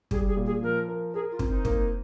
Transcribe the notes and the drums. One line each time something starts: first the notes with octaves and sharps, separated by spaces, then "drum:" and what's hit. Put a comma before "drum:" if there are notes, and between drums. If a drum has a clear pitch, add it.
G3 G#4, drum: kick
G#4
A#2
G#4
F3 A#4
A#4
G#4 A#4
F4
C4, drum: kick
D#4
A#3, drum: kick